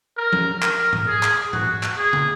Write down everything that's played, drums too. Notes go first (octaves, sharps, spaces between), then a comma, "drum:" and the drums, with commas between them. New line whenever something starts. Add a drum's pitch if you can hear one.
A#4
drum: tom F3
A#4, drum: clap
drum: tom G#2
G#4
drum: clap
F#4, drum: tom G#2
drum: clap
G#4
drum: tom